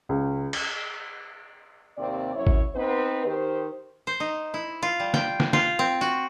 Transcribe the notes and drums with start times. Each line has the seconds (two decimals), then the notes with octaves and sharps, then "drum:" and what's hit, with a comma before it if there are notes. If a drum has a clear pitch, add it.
0.09 C#2
0.53 drum: cymbal
1.98 D#2 C3 C4 D5
2.35 F#2 F#3 E4 C#5
2.47 drum: kick G#1
2.74 B3 C4 D#4 B4 C5
3.26 D#3 G4 C5
4.07 C5
4.20 D#4
4.54 E4
4.83 F4
5.00 G3
5.14 G5, drum: snare
5.40 drum: snare
5.53 F4, drum: snare
5.79 C4
6.01 F#4